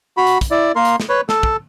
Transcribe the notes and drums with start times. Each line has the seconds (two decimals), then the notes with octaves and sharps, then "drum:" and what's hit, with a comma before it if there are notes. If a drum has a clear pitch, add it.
0.17 F#4 B5
0.27 drum: hi-hat
0.41 drum: kick, hi-hat
0.51 E4 D5
0.76 A#3 A#4 C6
0.85 drum: hi-hat
1.00 drum: snare
1.09 B4 C#5
1.29 A4, drum: snare
1.43 drum: kick